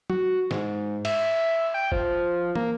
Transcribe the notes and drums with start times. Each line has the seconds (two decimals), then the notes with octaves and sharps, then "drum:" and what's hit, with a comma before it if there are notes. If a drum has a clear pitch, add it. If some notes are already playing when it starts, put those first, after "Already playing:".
0.10 F#4, drum: tom
0.51 G#2, drum: snare
1.05 E5, drum: cymbal
1.74 G5
1.92 F3, drum: kick
2.56 A#3, drum: tom